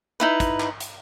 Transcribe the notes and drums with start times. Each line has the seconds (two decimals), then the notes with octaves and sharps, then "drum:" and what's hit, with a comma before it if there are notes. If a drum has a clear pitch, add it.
0.20 D#4 E4 B4
0.40 drum: kick, hi-hat
0.60 drum: clap
0.80 drum: hi-hat